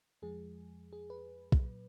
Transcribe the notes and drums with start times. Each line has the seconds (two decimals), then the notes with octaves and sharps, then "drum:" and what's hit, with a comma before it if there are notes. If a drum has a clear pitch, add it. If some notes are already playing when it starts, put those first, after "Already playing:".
0.22 F2 F3 G#3 G#4
0.93 G#4
1.10 B4
1.52 drum: kick
1.63 A#2 F#3